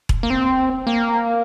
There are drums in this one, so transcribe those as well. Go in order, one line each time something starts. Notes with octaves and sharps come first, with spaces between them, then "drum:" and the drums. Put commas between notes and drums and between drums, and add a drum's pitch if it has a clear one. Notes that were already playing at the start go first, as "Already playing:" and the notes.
drum: kick E1
A#3
C4
A#3